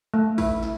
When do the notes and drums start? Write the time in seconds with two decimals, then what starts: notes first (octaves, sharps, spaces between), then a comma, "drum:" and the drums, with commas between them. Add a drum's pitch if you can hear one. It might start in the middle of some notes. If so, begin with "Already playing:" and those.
0.14 A3
0.38 E4, drum: kick, open hi-hat
0.63 drum: snare